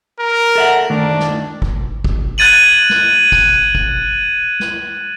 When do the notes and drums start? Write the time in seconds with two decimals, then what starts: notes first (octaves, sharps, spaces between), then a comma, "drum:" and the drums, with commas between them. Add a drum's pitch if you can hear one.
0.20 A#4
0.56 A4 E5 F#5
0.90 D#3 A3 D4
1.19 drum: snare
1.62 drum: kick
2.04 drum: kick
2.38 F#6 G#6 A6 D#7 F#7
2.90 drum: snare
3.32 drum: kick
3.75 drum: kick
4.60 drum: snare